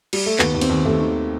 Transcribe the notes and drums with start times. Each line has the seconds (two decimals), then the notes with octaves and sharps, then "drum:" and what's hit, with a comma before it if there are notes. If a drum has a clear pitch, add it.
0.13 G3, drum: cymbal
0.26 A3
0.39 D#2 B3, drum: clap
0.54 D#2
0.61 C4, drum: cymbal
0.70 D#2
0.85 D#2 A3
1.01 D#3